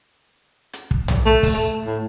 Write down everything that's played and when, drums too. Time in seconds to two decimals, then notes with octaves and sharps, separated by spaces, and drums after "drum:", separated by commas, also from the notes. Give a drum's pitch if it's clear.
0.73 drum: hi-hat
0.91 drum: kick
1.08 drum: tom
1.26 A3
1.43 drum: kick, open hi-hat
1.54 A3
1.85 A2